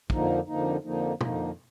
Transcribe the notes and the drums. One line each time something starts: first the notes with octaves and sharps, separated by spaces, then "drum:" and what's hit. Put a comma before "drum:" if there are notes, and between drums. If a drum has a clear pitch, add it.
F2 D3 F3 A#3 D#4, drum: kick
F2 D3 F3 A#3 D#4
F2 D3 F3 A#3 D#4
F2 D3 F3 A#3 D#4, drum: tom